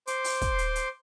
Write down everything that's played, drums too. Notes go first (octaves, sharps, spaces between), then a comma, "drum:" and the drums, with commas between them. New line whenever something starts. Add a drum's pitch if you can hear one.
C5 C6 D6, drum: hi-hat
drum: open hi-hat
drum: kick, hi-hat
drum: hi-hat
drum: hi-hat